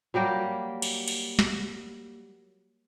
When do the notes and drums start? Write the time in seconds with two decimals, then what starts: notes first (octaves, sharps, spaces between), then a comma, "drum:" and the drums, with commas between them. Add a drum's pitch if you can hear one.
0.14 F#3 G3 A#3 G4
0.82 drum: cymbal
1.08 drum: cymbal
1.39 drum: snare